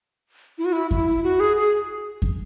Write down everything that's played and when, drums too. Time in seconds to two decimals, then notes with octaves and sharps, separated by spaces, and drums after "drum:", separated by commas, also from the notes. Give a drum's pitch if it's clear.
0.58 E4
0.65 F#4
0.73 E4
0.91 E4, drum: kick F2
1.24 F#4
1.40 G#4
1.57 G#4
2.22 drum: kick F2